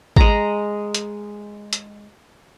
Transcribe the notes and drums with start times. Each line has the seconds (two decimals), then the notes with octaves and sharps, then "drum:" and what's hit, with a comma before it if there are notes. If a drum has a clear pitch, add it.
0.16 G#3 A#5, drum: kick
0.95 drum: hi-hat
1.73 drum: hi-hat